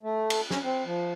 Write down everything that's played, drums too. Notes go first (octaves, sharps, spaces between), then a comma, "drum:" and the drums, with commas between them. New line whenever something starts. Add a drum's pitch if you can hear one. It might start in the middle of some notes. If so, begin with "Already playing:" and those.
A3
drum: cymbal
C#4, drum: snare
C4
F3